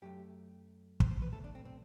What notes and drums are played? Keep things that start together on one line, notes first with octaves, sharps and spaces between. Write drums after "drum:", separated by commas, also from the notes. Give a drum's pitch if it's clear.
F#2 F#3 A3 G4
C5, drum: kick
C5
B4
B1 B2 A3 A4
D4
C4
C4